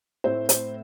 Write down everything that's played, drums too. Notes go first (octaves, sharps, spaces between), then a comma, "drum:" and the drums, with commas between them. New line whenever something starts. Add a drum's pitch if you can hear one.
A2 A3 C4 C5
C5, drum: hi-hat